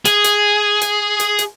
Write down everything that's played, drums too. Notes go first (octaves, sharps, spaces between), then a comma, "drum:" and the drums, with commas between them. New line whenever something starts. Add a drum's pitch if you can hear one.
G#4, drum: hi-hat
drum: hi-hat
drum: hi-hat
drum: hi-hat
drum: hi-hat